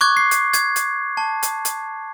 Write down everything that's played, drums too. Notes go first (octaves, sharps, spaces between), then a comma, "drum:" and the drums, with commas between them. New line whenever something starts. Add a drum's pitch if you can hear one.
C#6 D6 F#6 G#6
C7
drum: hi-hat
G#6, drum: hi-hat
drum: hi-hat
A5
drum: hi-hat
drum: hi-hat